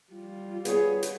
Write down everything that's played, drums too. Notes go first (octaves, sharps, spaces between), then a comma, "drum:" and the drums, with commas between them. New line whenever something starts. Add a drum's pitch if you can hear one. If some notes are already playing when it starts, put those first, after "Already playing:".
G3 F4
B3 G#4 C#5, drum: hi-hat
drum: hi-hat